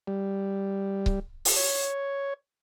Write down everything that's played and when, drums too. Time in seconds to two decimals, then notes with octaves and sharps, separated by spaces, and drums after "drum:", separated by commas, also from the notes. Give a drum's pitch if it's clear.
0.07 G3
1.06 drum: kick C#1
1.45 drum: open hi-hat
1.56 C#5